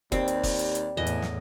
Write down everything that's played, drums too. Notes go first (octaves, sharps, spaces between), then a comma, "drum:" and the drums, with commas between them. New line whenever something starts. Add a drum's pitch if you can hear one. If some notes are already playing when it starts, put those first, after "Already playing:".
D#2 G3 C4, drum: kick F#1, hi-hat
drum: hi-hat
drum: kick F#1, open hi-hat
drum: hi-hat
drum: hi-hat
E2 A2 E3 D#5
drum: hi-hat
drum: snare